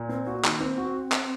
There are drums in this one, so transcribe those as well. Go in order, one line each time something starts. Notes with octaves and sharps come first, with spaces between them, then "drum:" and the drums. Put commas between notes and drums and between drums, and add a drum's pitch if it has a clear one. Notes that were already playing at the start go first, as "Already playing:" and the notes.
Already playing: A#2
A#3 C4
A#3 F#4
D#3, drum: clap
C4
C4 F#4
drum: clap